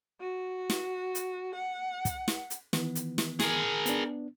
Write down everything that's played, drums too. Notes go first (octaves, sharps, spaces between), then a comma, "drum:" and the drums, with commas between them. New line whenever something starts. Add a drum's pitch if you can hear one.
F#4
drum: snare
drum: hi-hat
F#5
drum: kick, hi-hat
drum: snare
drum: hi-hat
D#3 E3 B3, drum: snare
drum: hi-hat
drum: snare
G#4 A#4, drum: snare
B3 D4, drum: hi-hat